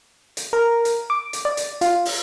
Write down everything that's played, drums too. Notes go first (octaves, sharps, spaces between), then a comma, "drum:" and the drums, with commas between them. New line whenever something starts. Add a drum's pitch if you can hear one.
drum: hi-hat
A#4
drum: hi-hat
D6
drum: hi-hat
D5
drum: hi-hat
F4, drum: hi-hat
drum: open hi-hat